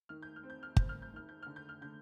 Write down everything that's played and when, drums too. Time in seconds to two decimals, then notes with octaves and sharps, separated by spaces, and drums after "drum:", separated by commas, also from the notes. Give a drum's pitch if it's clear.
0.09 D#3 F6
0.23 G6
0.36 F6
0.43 C4
0.50 G6
0.63 F6
0.76 C4 G6, drum: kick
0.89 F6
1.02 G6
1.13 D#3 F6
1.29 G6
1.43 D3 F6
1.56 G6
1.69 F6
1.81 D3 G6